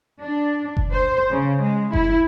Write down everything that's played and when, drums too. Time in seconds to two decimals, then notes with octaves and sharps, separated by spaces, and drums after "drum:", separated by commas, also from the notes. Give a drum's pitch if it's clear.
0.21 D4
0.77 drum: kick F#1
0.91 C5
1.33 C#3
1.63 G#3
1.93 E4, drum: kick F#1